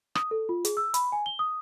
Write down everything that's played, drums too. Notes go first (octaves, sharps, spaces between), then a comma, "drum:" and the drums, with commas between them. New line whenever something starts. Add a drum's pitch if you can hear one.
D#6, drum: rim click
A4
F4
G#4, drum: hi-hat
E6
B5, drum: hi-hat
G#5
G7
D#6